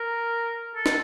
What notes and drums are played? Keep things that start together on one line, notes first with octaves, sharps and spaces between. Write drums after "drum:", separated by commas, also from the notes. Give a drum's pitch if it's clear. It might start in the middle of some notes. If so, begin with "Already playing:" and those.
Already playing: A#4
A4
drum: snare